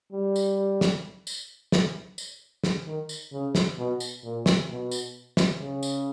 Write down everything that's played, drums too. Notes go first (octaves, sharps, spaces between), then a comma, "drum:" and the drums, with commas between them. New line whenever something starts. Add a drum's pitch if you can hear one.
G3
drum: tambourine
drum: snare
drum: tambourine
drum: snare
drum: tambourine
drum: snare
D#3
drum: tambourine
C#3
drum: snare
B2
drum: tambourine
A#2
drum: snare
B2
drum: tambourine
drum: snare
C#3
drum: tambourine